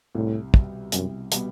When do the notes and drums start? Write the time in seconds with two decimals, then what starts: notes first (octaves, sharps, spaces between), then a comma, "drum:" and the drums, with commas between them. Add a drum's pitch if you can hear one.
0.15 C2 A2
0.54 B2 G3 B3, drum: kick
0.92 C2 F#2, drum: hi-hat
1.32 B2 G3 B3, drum: hi-hat